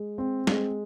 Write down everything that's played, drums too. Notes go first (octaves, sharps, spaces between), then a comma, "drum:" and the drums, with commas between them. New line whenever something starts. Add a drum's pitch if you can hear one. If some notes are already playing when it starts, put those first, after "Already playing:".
Already playing: G#3
C4
G#3, drum: snare